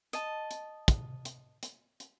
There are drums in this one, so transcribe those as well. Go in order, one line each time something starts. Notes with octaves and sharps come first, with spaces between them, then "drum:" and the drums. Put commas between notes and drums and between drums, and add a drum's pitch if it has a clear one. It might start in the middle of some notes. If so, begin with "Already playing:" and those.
D#5 A5, drum: hi-hat
drum: hi-hat
drum: kick, hi-hat
drum: hi-hat
drum: hi-hat
drum: hi-hat